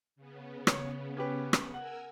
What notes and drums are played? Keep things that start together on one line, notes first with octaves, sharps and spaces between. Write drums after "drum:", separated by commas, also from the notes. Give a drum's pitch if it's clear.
C#3 B3
C#5, drum: rim click
C#4 G4 B4
drum: rim click
A#4 F#5 G#5 E6